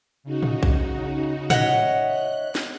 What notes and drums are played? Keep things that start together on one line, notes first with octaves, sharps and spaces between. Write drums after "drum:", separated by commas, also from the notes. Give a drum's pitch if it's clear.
C#3 D#4 F#4
drum: tom A2
drum: kick A#1
C#5 D#5 E5 F#5, drum: tom A2
F#6
drum: snare